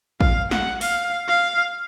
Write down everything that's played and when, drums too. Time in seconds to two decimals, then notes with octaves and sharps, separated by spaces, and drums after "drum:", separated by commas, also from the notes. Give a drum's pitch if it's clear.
0.21 F5, drum: kick
0.51 F#5, drum: snare
0.81 F5, drum: open hi-hat
1.28 F5